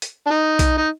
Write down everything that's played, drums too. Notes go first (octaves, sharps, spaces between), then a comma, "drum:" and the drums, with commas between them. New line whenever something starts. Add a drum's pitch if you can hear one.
drum: hi-hat
D4
D#4
drum: kick B1, hi-hat
D#4